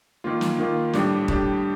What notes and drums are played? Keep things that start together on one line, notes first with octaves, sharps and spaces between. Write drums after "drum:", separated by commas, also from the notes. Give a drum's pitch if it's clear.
D#3 A#3 F4
drum: snare
D#3 A#3 F4
A2 G3 D4 G4, drum: snare
A2 G3 D4 G4, drum: kick D#1